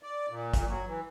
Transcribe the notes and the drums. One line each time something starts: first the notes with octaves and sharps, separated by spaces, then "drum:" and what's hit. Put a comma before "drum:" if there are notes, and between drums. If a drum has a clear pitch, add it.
D5
A#2
A#2, drum: kick G1, hi-hat
F#3
E3